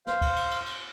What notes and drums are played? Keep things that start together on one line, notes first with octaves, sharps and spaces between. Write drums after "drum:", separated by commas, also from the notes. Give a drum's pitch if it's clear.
C5 F5, drum: snare
drum: kick, cymbal
drum: cymbal
drum: cymbal
drum: cymbal